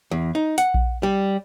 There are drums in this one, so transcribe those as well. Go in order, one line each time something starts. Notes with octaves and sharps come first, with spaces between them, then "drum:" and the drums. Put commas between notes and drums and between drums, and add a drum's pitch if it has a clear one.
E2
D#4
F#5, drum: hi-hat
drum: kick A#1
G3